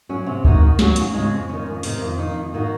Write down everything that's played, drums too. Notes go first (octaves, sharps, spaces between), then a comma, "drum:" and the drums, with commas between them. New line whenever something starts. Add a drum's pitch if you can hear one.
F#3 C#4 F#4
C3
D#3 G#3 D#4 F#4, drum: kick C#2
D#3
F#3 C#4 F#4, drum: snare
D#2, drum: hi-hat
C#3 G#3
F2
D#3 G#3 C#4
F2
C3 D#3, drum: open hi-hat
F2
D#3 A#3 D#4
F2
D#3 A#3 D#4 F#4